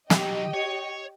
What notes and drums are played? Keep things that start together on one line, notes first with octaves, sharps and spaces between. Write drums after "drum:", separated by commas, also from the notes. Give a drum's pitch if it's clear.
F#3 D#4 G4 D#5 G5, drum: snare
C#5